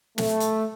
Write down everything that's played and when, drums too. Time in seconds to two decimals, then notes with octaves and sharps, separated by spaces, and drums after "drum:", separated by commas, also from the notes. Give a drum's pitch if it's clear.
0.18 A3, drum: snare
0.40 drum: hi-hat